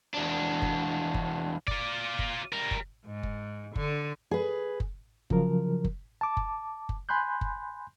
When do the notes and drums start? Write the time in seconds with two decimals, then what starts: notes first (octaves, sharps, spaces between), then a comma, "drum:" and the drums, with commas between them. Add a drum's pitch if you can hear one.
0.14 E2 D4
0.62 drum: kick F#1
1.14 drum: kick F#1
1.68 F4 D5, drum: kick F#1
2.19 drum: kick F#1
2.53 G3 A#4
2.71 drum: kick F#1
3.05 G#2
3.23 drum: kick F#1
3.75 D3, drum: kick F#1
4.31 G#4 B4
4.80 drum: kick F#1
5.30 C#3 F3 F#3 A#4, drum: kick F#1
5.84 drum: kick F#1
6.21 A5 D6
6.37 drum: kick F#1
6.89 drum: kick F#1
7.09 G#5 B5 C6 F#6 G6
7.41 drum: kick F#1